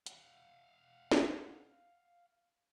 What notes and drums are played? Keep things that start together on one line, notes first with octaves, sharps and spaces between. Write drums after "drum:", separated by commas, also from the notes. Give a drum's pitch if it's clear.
F5 F#5, drum: hi-hat
drum: snare